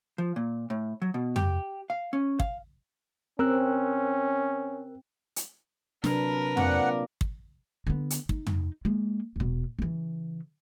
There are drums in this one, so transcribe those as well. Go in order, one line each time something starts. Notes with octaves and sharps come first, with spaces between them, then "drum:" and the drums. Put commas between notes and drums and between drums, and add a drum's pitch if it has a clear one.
F3
A#2
A2
F#3
B2
G4, drum: tom
F5
C#4
F5, drum: kick
C4 C#4 A#4 E6 F#6
drum: hi-hat
C3 F#3 D4 A#4 B4, drum: snare
A#2 C4 D5 F#5 D6, drum: tom
drum: kick
D3 B3
drum: hi-hat
D#4, drum: kick
drum: tom
G#3 A#3
E1 B2
C#3 E3